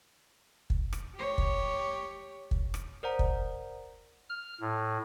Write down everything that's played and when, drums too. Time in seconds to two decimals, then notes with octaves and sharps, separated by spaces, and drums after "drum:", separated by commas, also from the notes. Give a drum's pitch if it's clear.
0.70 drum: kick
0.93 drum: rim click
1.15 G4 C#5
1.38 drum: kick
2.51 drum: kick
2.74 drum: rim click
3.03 A#4 C5 D5 F#5 A#5
3.19 drum: kick
4.29 F6
4.61 A2